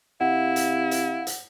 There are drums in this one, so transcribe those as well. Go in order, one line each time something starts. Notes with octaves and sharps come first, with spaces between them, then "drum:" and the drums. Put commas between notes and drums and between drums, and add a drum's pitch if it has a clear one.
C3 E4 F5 F#5
drum: hi-hat
drum: hi-hat
drum: hi-hat